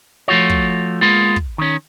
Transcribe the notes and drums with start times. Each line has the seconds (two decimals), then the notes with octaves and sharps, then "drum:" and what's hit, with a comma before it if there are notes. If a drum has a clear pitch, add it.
0.28 F3 A3 F4 F#4 C#5
0.50 drum: kick
1.01 G#3 A#3 B3 F4
1.36 drum: kick
1.58 D#3 C#4